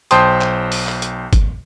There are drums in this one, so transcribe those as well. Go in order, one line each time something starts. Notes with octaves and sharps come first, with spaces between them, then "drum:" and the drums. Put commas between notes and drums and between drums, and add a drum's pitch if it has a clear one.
B1 C5 G5 A5 C6 D#6, drum: hi-hat
drum: clap
drum: open hi-hat
drum: clap
drum: hi-hat
drum: kick, hi-hat